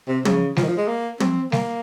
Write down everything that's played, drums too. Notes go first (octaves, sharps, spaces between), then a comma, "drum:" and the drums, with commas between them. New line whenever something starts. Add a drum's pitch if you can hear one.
C3
C#3, drum: tom
F3, drum: snare G3
D#3
F3
G#3
A#3
C4, drum: tom
A#3, drum: snare G3